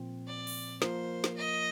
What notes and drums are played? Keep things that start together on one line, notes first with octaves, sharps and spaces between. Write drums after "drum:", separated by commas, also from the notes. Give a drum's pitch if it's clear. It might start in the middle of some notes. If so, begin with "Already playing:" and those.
Already playing: A#2 F3 C4
D5
drum: open hi-hat
F3 A#3 F4 A#4 C5, drum: snare
drum: snare
D#5